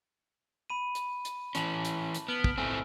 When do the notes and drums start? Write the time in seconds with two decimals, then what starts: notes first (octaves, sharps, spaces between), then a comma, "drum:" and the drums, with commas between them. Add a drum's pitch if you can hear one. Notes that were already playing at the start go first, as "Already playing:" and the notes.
0.70 B5 D#7
0.95 drum: hi-hat
1.25 drum: hi-hat
1.55 E3 C#4 A5 F7 F#7, drum: hi-hat
1.85 drum: hi-hat
2.15 drum: hi-hat
2.28 B3 F6 D7 F#7
2.44 drum: kick
2.58 A2 A3 C4 G#5 E6